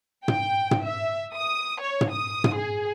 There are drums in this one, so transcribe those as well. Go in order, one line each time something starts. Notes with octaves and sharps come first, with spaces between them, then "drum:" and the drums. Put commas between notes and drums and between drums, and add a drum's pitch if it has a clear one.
G5, drum: tom
drum: tom
E5
D#6
C#5
drum: tom
D#6
drum: tom
G#4